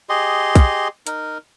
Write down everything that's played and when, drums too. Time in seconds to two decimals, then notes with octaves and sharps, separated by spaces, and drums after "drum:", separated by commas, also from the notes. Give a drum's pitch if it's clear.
0.09 G4 G#4 D#5 C6
0.55 drum: kick, hi-hat
1.07 D#4 A#4, drum: hi-hat